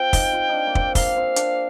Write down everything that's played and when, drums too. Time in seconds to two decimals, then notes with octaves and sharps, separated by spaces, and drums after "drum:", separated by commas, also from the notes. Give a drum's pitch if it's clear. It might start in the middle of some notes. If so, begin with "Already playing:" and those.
Already playing: C4 F4 G5
0.13 D#4, drum: kick, open hi-hat
0.33 F4
0.49 D4 D#4
0.66 A#3
0.75 C4, drum: kick
0.95 A#3 F5, drum: kick, open hi-hat
1.16 C4
1.36 D4, drum: hi-hat